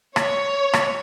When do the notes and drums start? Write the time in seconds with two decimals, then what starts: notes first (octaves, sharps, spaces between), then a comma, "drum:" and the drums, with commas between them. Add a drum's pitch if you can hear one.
0.16 C#5, drum: rim click
0.73 drum: rim click